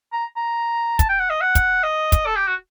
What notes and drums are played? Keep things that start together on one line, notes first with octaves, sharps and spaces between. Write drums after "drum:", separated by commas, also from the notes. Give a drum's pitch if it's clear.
A#5
A#5
A5, drum: kick, hi-hat
G5
F#5
D#5
F#5
drum: kick, hi-hat
D#5
drum: kick, hi-hat
A4
G4
F#4